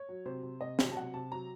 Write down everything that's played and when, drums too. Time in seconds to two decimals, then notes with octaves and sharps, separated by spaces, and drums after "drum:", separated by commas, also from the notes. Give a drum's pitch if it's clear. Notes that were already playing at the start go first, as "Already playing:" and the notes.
Already playing: C#5
0.09 F#3
0.25 C3 C5
0.43 C3
0.61 C3 D#5
0.79 F#3, drum: snare
0.92 A5
0.96 C3 F#5
1.14 C3 A5
1.31 F#3 A#5